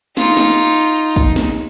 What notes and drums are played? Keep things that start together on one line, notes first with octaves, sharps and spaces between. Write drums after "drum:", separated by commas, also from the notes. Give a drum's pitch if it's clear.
D#4 F4, drum: snare
drum: snare
drum: kick
drum: snare